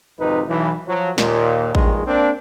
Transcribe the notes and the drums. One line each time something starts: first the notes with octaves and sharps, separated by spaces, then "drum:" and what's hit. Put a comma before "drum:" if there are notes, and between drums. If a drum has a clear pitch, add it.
G#1 F2 C3 D#4 B4
B1 E3
F3 F#3
D#2 A#2, drum: snare
A#1 G2 D#3 G#3, drum: kick A1
A#3 C4 D4